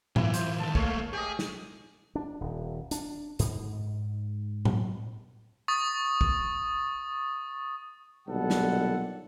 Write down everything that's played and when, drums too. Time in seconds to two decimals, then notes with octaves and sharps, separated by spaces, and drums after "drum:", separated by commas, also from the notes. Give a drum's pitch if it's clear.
0.16 E3 E4 F4, drum: tom A2
0.34 C5, drum: hi-hat
0.59 C2 D#3 A5
0.75 A3 A#3 C#5 F5, drum: kick
1.13 G4 G#4 D#5
1.39 drum: snare
2.15 D4
2.41 D#1
2.91 D4, drum: hi-hat
3.39 G#2, drum: hi-hat
4.65 drum: tom A2
5.68 C#6 D#6 A6
6.21 drum: kick
8.27 B1 A#2 D3 G3 A4 F#5
8.50 drum: snare